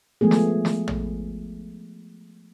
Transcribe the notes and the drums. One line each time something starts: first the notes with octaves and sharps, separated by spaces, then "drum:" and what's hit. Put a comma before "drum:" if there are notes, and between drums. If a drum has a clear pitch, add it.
F3 G#3 A3 B3 G#4
drum: snare
drum: snare
drum: tom